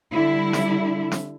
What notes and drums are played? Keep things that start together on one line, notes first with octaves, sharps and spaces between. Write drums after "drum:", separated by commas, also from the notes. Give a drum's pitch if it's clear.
D3 G3 E4
drum: snare
drum: snare